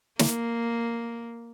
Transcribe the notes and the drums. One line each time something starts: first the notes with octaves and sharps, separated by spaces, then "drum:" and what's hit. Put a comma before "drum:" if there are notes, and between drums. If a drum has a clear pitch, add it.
A#3, drum: snare